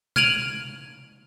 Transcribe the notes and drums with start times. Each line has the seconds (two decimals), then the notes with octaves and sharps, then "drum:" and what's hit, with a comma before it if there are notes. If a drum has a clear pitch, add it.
0.16 F6 G#6 D7 D#7 F7 F#7, drum: tom B2